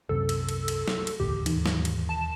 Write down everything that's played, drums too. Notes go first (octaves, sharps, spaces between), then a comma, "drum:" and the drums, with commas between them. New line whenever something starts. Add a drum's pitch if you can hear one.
C2 F#2 C3 A4
drum: cymbal
drum: cymbal
drum: cymbal
drum: snare
drum: cymbal
E1 A1 D2 G4
E1 D#2 G#2 E3, drum: cymbal
drum: snare
drum: cymbal
A5